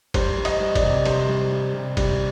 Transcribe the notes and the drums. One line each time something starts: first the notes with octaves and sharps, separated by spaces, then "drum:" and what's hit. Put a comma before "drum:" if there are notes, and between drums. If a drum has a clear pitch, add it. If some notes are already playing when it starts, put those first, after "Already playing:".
G3 C5, drum: kick, cymbal
G3
D#5, drum: cymbal
G3
D5, drum: kick, cymbal
C3
G3 C5, drum: cymbal
G3
G3
C3
G3, drum: kick, cymbal